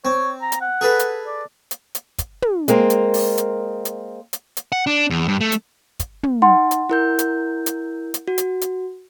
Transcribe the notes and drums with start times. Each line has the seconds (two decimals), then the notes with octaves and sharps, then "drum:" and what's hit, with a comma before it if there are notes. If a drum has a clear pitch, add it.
0.05 C4 C#5
0.41 A#5
0.52 drum: hi-hat
0.61 F#5
0.81 G#4 A4 B4
0.99 drum: hi-hat
1.26 D5
1.71 drum: hi-hat
1.95 drum: hi-hat
2.18 drum: kick, hi-hat
2.42 drum: tom
2.68 G#3 A#3 C4 A#4, drum: hi-hat
2.90 drum: hi-hat
3.14 drum: open hi-hat
3.38 drum: hi-hat
3.85 drum: hi-hat
4.33 drum: hi-hat
4.57 drum: hi-hat
4.72 F#5
4.87 D4
5.10 E2
5.28 G2
5.41 A3
5.52 drum: hi-hat
5.99 drum: kick, hi-hat
6.23 drum: tom
6.42 D#4 F#5 C6
6.71 drum: hi-hat
6.90 E4 A#4 G6
7.19 drum: hi-hat
7.66 drum: hi-hat
8.14 drum: hi-hat
8.28 F#4
8.38 drum: hi-hat
8.61 drum: hi-hat